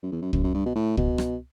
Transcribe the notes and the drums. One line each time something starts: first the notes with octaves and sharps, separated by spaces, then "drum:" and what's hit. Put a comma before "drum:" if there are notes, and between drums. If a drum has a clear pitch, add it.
F#2
E2
F#2
F#2, drum: kick
F#2
G2
B2
A2
B2, drum: kick
drum: rim click